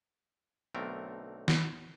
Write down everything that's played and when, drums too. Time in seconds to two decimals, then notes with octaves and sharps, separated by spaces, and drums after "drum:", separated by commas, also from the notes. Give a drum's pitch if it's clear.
0.74 B1 D3 A3 C4 A#4
1.48 drum: snare